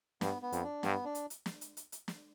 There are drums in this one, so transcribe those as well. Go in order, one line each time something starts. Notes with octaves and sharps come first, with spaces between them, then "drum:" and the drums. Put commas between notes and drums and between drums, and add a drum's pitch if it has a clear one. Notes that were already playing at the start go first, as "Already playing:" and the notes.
G2 B3, drum: snare
B3
F2, drum: hi-hat
D4
G2 B3, drum: snare
D4
drum: hi-hat
drum: hi-hat
drum: snare
drum: hi-hat
drum: hi-hat
drum: hi-hat
drum: snare